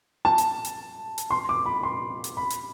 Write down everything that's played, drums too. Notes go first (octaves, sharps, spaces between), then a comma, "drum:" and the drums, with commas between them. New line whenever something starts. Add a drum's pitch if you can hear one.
A5
drum: hi-hat
drum: hi-hat
drum: hi-hat
C6
D6
B5
C6
drum: hi-hat
B5
drum: hi-hat